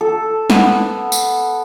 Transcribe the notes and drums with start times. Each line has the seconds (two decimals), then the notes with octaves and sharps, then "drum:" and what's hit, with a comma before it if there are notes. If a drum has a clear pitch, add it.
0.01 A4
0.50 B3, drum: snare
1.12 drum: tambourine